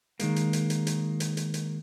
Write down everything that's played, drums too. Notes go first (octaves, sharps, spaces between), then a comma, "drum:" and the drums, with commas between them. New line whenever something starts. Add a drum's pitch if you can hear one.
D#3 G#3 A#3, drum: hi-hat
drum: hi-hat
drum: hi-hat
drum: hi-hat
drum: hi-hat
drum: hi-hat
drum: hi-hat
drum: hi-hat